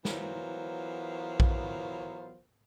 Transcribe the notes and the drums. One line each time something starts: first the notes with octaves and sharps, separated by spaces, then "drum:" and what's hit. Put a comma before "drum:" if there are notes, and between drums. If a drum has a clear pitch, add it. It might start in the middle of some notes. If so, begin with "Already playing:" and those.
E3 F#3 B3 F4 A#4 C5, drum: snare
drum: kick A#1